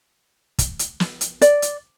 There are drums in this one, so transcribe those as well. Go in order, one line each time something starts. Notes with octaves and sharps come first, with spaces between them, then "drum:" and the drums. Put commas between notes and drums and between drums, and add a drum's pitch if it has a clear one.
drum: kick, hi-hat
drum: hi-hat
drum: snare
drum: hi-hat
D5, drum: hi-hat
drum: hi-hat